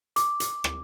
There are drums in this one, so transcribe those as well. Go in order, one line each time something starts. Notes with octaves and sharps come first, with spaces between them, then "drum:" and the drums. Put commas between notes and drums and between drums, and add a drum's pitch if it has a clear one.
D6, drum: hi-hat
drum: hi-hat
drum: rim click